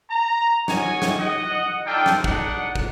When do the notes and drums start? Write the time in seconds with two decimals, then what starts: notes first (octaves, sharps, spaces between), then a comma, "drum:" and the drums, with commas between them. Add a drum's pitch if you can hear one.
0.10 A#5
0.68 F#4 C#5 D#5 G#5, drum: snare
1.02 drum: snare
1.19 D#5 F#5
1.86 D4 D#4 F4 A4 G5
2.06 drum: snare
2.24 D4 D#4 F#5, drum: kick
2.76 drum: kick